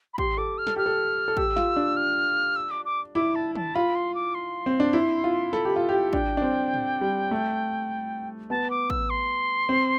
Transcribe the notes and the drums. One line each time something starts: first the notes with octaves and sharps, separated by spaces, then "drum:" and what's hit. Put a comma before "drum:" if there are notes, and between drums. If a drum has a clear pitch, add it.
B5
G4 C6, drum: kick
A4 D6
F6
A4, drum: snare
G4 F6
A4
A4
G4 E6, drum: kick
F4, drum: snare
D4
F6
E6
D6
D6
E4 D6
A5
A5, drum: tom D#3
F4 B5
C6
D6
C6
C4
D4
E4
F4
A4 B5, drum: snare
G4
F4
G4 G5
D4 G5, drum: kick
D4
C4
drum: tom A2
G3
A3
B3 A5
D6
E6, drum: kick
C6
C4